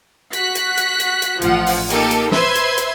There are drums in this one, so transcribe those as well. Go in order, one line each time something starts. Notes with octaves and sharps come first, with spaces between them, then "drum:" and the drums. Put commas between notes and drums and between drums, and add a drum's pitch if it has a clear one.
F#4 F#6 B6, drum: hi-hat
drum: hi-hat
drum: hi-hat
drum: hi-hat
drum: hi-hat
A1 F3 F4 F#5, drum: hi-hat
drum: open hi-hat
A#3 D#4 G4 A4, drum: hi-hat
drum: hi-hat
B4 C5 E5 C6 G#6, drum: snare
drum: hi-hat
drum: hi-hat